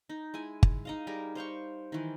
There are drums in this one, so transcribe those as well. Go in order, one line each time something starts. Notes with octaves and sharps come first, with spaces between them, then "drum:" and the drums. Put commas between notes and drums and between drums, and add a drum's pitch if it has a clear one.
D#4
G#3 E4 G#5
drum: kick G1
D#4 D#5 F5
G3 G#4 A#4
C5 F5 G5 C#6
D#3 E3